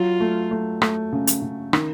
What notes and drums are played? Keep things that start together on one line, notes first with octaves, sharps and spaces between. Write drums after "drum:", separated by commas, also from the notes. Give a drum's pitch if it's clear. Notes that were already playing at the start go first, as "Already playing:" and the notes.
Already playing: F#3 F4
A3
A3
A3, drum: rim click
C#3
drum: hi-hat
C#3
D#3, drum: rim click